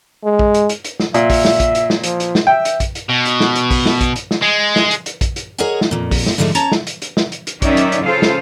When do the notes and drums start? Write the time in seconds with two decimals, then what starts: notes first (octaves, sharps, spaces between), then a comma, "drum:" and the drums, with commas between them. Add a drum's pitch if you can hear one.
0.25 G#3
0.39 drum: kick
0.54 drum: hi-hat
0.69 drum: hi-hat
0.85 drum: hi-hat
1.00 drum: snare
1.14 A#2 E5, drum: hi-hat
1.30 drum: kick, open hi-hat
1.45 drum: snare
1.60 drum: kick, hi-hat
1.75 drum: hi-hat
1.90 drum: snare
2.04 F3, drum: hi-hat
2.20 drum: hi-hat
2.35 drum: snare
2.47 E5 G5
2.65 drum: hi-hat
2.80 drum: kick, hi-hat
2.95 drum: hi-hat
3.10 B2
3.25 drum: hi-hat
3.40 drum: snare
3.55 drum: hi-hat
3.71 drum: kick, open hi-hat
3.86 drum: snare
4.01 drum: kick, hi-hat
4.16 drum: hi-hat
4.31 drum: snare
4.42 G#3
4.76 drum: snare
4.91 drum: hi-hat
5.06 drum: hi-hat
5.21 drum: kick, hi-hat
5.36 drum: hi-hat
5.58 G#4 A#4 C#5 D#5 F#5 G#5
5.81 drum: snare
5.91 F2 A#2
6.11 drum: kick, open hi-hat
6.26 drum: snare
6.38 G#2 D3 F3 G#3 A3
6.55 C#4 C#5 A5 A#5, drum: hi-hat
6.72 drum: snare
6.87 drum: hi-hat
7.02 drum: hi-hat
7.17 drum: snare
7.32 drum: hi-hat
7.47 drum: hi-hat
7.62 D#3 F#3 C#4 D#4 D5 E5, drum: kick, hi-hat
7.77 drum: hi-hat
7.92 drum: hi-hat
8.03 C#3 F4 A4 C5 F5
8.22 drum: snare